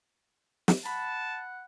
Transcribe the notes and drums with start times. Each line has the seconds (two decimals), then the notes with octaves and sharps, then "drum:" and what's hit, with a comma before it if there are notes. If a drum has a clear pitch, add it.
0.68 drum: snare
0.85 F#5 A5 B5